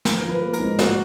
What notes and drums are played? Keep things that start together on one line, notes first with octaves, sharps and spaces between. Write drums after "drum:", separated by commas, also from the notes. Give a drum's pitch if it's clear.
F3 A#4, drum: snare
A#4
F3
B4
A#3
A#4, drum: hi-hat
G#2
A#3 F#4, drum: snare